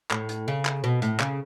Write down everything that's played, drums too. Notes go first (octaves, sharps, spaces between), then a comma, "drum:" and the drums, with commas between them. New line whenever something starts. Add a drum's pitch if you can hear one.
A2, drum: clap
drum: hi-hat
C#3
drum: clap
B2
A2, drum: hi-hat
C#3, drum: clap